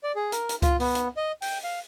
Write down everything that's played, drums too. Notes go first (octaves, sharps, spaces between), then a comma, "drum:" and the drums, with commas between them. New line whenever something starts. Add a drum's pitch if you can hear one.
D5
G#4
A#4, drum: hi-hat
drum: hi-hat
F4, drum: kick C#2, hi-hat
B3, drum: open hi-hat
drum: hi-hat
D#5
G5, drum: open hi-hat
F5